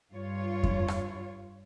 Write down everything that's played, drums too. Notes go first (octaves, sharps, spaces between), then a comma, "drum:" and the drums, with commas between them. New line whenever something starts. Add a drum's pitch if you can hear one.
G2 F4 C#5
drum: kick F2
drum: rim click